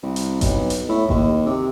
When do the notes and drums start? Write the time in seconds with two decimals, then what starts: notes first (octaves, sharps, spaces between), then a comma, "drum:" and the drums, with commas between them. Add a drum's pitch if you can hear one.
0.03 C2
0.16 drum: hi-hat
0.41 B1, drum: kick G#1, hi-hat
0.70 drum: hi-hat
0.89 A2
1.09 D#2, drum: kick G#1
1.46 C3